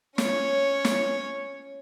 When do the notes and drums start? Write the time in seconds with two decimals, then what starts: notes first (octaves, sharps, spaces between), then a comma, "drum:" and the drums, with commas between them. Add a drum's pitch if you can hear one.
0.18 C#4 C#5, drum: snare
0.85 drum: snare